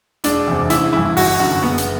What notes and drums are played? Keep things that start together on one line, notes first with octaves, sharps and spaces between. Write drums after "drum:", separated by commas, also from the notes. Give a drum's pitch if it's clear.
E1 D4, drum: hi-hat
E2 C3 E3
A1 E4, drum: hi-hat
G2 E3 E4
G1 F#4, drum: open hi-hat
F#2 D3 F#4
F#1 B3
drum: hi-hat